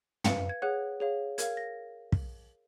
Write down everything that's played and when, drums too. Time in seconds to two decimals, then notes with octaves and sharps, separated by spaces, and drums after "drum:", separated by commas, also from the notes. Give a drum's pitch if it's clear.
0.24 B4 F5 C#7, drum: tom
0.49 G#6
0.62 G#4 C#5 F#5 F#6
1.00 G#4 C#5 F5
1.38 A#4 F5 G#6, drum: hi-hat
1.57 A#6
2.12 drum: kick